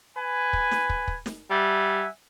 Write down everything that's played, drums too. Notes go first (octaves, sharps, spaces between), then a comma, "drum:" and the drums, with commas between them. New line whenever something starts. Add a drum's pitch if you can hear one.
B4 G#5
drum: kick
drum: snare
drum: kick
drum: kick
drum: snare
G3 E5 F#5 G#5